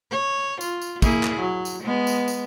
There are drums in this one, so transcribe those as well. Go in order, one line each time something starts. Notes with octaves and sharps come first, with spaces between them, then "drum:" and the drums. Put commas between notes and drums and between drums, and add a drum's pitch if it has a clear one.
C#5
F4, drum: tambourine
drum: tambourine
A#3 E4 G#4, drum: kick, tambourine
drum: clap
F#3
drum: tambourine
G#3 B3
drum: tambourine
drum: tambourine